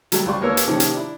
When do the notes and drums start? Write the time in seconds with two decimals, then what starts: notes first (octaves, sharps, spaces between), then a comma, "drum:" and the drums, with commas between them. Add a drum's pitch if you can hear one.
0.12 F#3 G3 A3, drum: hi-hat
0.26 C#2 G3 F4 D5 C6 C#6
0.41 D#2 A#3 B3 A#4 C#5 E6
0.57 drum: hi-hat
0.67 C3 D#3 F3 A#3 C#4
0.80 drum: hi-hat
0.94 D4 E4